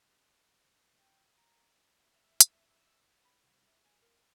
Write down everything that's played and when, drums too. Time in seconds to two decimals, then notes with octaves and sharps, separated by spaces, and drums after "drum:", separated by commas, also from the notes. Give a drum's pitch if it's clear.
0.99 G5
1.37 A#5
1.98 E5
2.41 drum: hi-hat
2.54 E6
3.25 B5
3.44 C2
3.66 E5
3.85 G#5
4.02 A#4